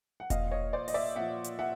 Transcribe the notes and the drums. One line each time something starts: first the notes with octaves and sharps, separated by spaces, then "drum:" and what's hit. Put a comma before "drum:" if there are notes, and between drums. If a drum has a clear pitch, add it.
F#5
A#2 F3 D#5 F5, drum: kick E1, hi-hat
C#5 D#5
C5 D5
D#5, drum: open hi-hat
D5 E5
A#2 F3 E5 F#5
drum: hi-hat
E5 F#5